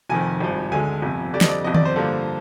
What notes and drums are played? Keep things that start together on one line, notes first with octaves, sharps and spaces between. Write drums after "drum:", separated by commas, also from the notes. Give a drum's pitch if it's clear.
F1 F2 D#3 G#5
G#1 G2 F3
D2 D3 G#3 G#5
G1 F2 C3
F2 D3 G3 D5
D#5, drum: snare
D5
G1 F2 C3 D#5
D5, drum: tom D#3
C5
G2 D3 F3 A#3